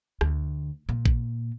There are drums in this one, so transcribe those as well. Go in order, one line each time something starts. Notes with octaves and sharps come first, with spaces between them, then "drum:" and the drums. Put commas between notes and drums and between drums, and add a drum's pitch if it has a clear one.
D2, drum: rim click
A#2
drum: kick A1